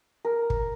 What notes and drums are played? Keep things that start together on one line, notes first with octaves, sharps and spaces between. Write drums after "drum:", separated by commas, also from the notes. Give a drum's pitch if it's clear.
A#4
drum: kick